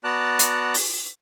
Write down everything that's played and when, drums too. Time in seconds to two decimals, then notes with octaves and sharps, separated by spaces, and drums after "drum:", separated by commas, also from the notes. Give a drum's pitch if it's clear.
0.04 B3 F#4 D5 A5 A#5 F#6
0.39 drum: hi-hat
0.74 drum: open hi-hat